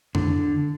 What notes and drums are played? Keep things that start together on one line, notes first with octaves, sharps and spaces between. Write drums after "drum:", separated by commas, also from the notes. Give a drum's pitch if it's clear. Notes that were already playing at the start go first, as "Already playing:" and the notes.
D3, drum: tom F2